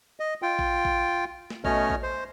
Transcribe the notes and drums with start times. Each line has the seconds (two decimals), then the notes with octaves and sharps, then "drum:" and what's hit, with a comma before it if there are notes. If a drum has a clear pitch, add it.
0.20 D#5
0.42 F4 G5
0.59 drum: kick A1
0.85 drum: kick A1
1.50 drum: snare
1.65 B2 A3 C#4 C#5 D#5 F6, drum: kick A1
1.90 drum: kick A1
2.03 C5